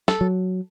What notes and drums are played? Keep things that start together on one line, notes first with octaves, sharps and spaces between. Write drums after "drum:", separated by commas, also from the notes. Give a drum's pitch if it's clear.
A4, drum: snare
F#3